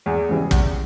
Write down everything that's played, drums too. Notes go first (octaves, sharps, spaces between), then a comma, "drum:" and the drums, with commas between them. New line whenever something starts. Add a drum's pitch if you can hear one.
E2 G#4
C#3 E3 G3
E2, drum: kick